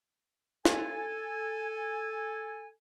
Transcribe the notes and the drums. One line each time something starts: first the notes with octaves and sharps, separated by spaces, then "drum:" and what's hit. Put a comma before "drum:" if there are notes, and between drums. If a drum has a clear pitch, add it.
A4 G#5, drum: snare